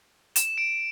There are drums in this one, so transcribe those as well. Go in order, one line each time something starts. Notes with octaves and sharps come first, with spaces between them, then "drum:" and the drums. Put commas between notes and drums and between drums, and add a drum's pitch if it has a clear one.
E7, drum: hi-hat
D7